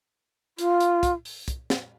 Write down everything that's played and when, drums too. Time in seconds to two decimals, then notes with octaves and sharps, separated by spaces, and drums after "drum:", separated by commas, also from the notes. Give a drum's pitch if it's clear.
0.58 F4, drum: hi-hat
0.80 drum: hi-hat
1.03 drum: kick, hi-hat
1.25 drum: open hi-hat
1.48 drum: kick, hi-hat
1.70 drum: snare